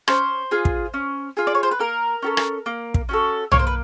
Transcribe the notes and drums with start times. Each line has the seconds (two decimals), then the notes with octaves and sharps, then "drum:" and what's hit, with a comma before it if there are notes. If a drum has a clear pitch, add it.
0.08 C#4 C5, drum: rim click
0.51 F4 G#4
0.65 drum: kick
0.94 C#4
1.37 F4 G#4
1.47 D5
1.55 C#5
1.63 C5
1.71 B4
1.79 A#3 A#4
2.23 C#4 F#4 A4
2.37 drum: rim click
2.66 A#3
2.94 drum: kick
3.09 C#4 F#4 A4
3.52 A#3 C#5, drum: tom B1
3.59 C5
3.67 B4